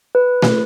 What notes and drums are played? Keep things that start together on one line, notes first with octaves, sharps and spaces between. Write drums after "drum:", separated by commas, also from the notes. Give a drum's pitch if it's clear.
B4
drum: snare